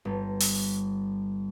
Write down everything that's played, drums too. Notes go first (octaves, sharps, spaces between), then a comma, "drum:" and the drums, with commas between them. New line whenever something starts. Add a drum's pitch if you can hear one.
G1
drum: open hi-hat